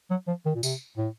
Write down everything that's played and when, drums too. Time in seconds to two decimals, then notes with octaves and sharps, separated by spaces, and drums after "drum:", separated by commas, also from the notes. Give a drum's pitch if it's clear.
0.11 F#3
0.28 F3
0.46 D#3
0.55 A#2
0.63 C3, drum: tambourine
0.98 A2